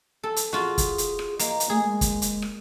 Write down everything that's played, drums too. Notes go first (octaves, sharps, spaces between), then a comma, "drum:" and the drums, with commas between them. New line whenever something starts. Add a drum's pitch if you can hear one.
A4
drum: hi-hat
F4 F#4 G#4
drum: kick, hi-hat
drum: hi-hat
drum: rim click
A#3 D#5, drum: hi-hat
drum: hi-hat
A3 G#4
G#3
drum: kick, hi-hat
drum: hi-hat
drum: rim click